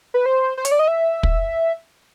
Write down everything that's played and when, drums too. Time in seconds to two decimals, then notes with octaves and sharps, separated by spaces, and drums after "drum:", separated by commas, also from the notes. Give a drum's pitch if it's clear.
0.14 B4
0.26 C5
0.57 C5
0.65 C#5, drum: hi-hat
0.71 D5
0.79 D#5
0.88 E5
1.23 drum: kick